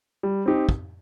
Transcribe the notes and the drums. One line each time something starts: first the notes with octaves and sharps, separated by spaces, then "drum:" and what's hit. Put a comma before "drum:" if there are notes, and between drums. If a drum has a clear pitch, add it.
G3
C4 D#4 G4
drum: kick